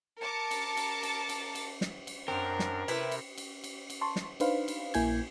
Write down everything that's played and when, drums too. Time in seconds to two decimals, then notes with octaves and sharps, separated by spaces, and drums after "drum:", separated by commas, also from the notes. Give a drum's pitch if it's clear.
0.20 A#4 A5 D6 C#7
0.51 drum: cymbal
0.77 drum: cymbal
1.03 drum: cymbal
1.29 drum: cymbal
1.55 drum: cymbal
1.81 drum: snare
2.07 drum: cymbal
2.28 F#2 C4 D4 A#4
2.59 drum: snare
2.88 C3 E4 B4, drum: cymbal
3.11 drum: cymbal
3.38 drum: cymbal
3.64 drum: cymbal
3.90 drum: cymbal
4.01 A5 C6 C#6
4.16 drum: snare
4.40 D4 D#4 B4 C5 F5, drum: cymbal
4.68 drum: cymbal
4.94 A#1 A#3 E4 G#5 G6 G#6, drum: cymbal